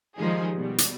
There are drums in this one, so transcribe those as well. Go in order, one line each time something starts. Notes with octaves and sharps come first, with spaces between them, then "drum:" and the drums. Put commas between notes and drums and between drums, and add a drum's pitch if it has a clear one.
D#3 F3 G3 G#3 D#4 G#4
B2 G3
drum: hi-hat